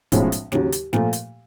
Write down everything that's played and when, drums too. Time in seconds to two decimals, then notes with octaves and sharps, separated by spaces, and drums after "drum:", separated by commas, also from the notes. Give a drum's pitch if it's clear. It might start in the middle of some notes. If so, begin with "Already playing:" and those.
0.12 B1 A2 F3 G#3 C#4, drum: kick, hi-hat
0.32 drum: hi-hat
0.52 D#2 C#3 F#3, drum: snare
0.72 drum: hi-hat
0.93 A#2 F3 A3, drum: snare
1.13 drum: hi-hat